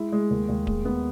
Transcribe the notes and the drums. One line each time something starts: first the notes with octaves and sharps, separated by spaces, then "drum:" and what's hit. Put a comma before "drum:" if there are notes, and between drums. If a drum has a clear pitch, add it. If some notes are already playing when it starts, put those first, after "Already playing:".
Already playing: G#3 E4
G#3
D#2
D#2
G#3, drum: kick D1
B3